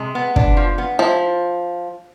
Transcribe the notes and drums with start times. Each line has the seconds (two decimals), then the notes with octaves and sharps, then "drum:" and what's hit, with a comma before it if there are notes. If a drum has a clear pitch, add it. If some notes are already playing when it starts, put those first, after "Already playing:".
Already playing: C3 G#3
0.15 B3
0.36 D4, drum: kick
0.57 F3
0.78 B3
0.99 F3 E4